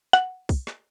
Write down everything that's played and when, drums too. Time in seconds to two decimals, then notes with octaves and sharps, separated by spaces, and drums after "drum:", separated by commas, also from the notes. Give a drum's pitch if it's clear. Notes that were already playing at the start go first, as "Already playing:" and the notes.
0.13 F#5, drum: snare
0.49 drum: kick, open hi-hat
0.67 drum: snare